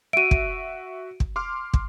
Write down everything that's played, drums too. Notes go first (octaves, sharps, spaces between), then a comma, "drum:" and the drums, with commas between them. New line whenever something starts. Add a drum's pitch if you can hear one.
F#4 E5 D7 D#7
drum: kick
drum: kick
C6 D6 F6
drum: kick